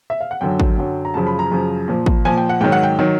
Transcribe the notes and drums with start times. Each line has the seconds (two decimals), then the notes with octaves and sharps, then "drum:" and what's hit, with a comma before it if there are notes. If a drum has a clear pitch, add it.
0.10 E5
0.21 F5
0.31 F#5
0.41 F#2 D3 F#3 G5
0.60 drum: kick
0.77 F#2 D3 F#3
1.05 A#5
1.14 F#2 C#3 F3 A5
1.27 B5
1.39 A#5
1.52 F#2 C#3 F3
1.88 A#2 F3
2.06 drum: kick
2.25 A#2 F3 G#5
2.38 G5
2.49 F#5
2.61 G#2 D#3 F#3 G5
2.72 F#5
2.83 G5
2.99 D#3 F#3